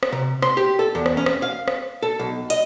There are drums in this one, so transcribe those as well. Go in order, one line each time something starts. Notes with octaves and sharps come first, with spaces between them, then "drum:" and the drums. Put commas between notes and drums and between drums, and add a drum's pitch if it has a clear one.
drum: rim click
C3
C6, drum: rim click
G4
A4
E2
drum: rim click
C#4
drum: rim click
F5
drum: rim click
A4
B1
D#5, drum: hi-hat